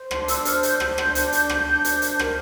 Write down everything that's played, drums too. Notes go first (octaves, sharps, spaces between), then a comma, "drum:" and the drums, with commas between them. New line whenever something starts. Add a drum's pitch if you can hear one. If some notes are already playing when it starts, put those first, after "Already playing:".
Already playing: C5
D4 C6, drum: rim click
E6, drum: hi-hat
C5 F6, drum: hi-hat
G6, drum: hi-hat
D4 G6, drum: rim click
drum: rim click
D4, drum: hi-hat
drum: hi-hat
D4, drum: rim click
C5, drum: hi-hat
drum: hi-hat
A#4, drum: rim click